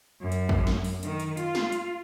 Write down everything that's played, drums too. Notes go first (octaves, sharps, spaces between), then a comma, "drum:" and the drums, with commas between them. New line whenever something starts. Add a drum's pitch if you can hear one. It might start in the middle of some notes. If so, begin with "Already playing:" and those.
F#2
drum: hi-hat
drum: kick
drum: snare
drum: open hi-hat
D#3, drum: hi-hat
drum: hi-hat
F4, drum: hi-hat
drum: snare
drum: hi-hat